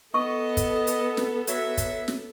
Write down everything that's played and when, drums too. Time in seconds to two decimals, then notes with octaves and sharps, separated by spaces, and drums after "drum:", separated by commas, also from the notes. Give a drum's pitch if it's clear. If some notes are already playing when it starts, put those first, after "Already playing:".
0.14 B3 A4 D#5 C#6
0.57 drum: kick, hi-hat
0.87 drum: hi-hat
1.17 drum: snare
1.47 F#3 E5, drum: hi-hat
1.78 drum: kick, hi-hat
2.08 drum: snare